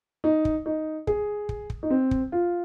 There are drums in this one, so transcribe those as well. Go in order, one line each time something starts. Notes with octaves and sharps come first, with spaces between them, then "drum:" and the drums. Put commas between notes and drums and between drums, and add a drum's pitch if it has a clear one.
D#4
drum: kick
D#4
G#4, drum: kick
drum: kick
drum: kick
D#4
C4
drum: kick
F4